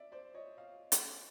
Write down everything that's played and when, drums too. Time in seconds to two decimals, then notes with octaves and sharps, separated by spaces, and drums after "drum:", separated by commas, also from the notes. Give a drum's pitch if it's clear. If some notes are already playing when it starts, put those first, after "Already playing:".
Already playing: D5 E5
0.12 C5 D5
0.34 C#5 D#5
0.57 D#5 F5
0.92 drum: hi-hat